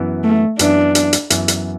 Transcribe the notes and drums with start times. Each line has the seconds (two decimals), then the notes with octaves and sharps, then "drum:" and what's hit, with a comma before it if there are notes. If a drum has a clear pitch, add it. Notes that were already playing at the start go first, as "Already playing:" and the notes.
Already playing: F#2 E3 B3 E4
0.24 A3
0.59 F#2 E3 B3 D4 E4, drum: hi-hat
0.95 drum: hi-hat
1.13 drum: hi-hat
1.30 F#2 E3 B3 E4, drum: hi-hat
1.48 drum: hi-hat